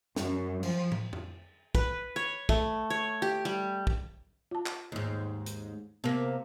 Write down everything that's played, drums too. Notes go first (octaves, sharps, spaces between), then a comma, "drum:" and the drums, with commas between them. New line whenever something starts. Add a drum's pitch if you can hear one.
F#2, drum: snare
F3, drum: cymbal
drum: tom
drum: tom
B4, drum: kick
C#5
A3, drum: kick
C#5
G4
G3
drum: kick
F4 A5
drum: clap
D#2 G#2
drum: hi-hat
C3 A#3 B3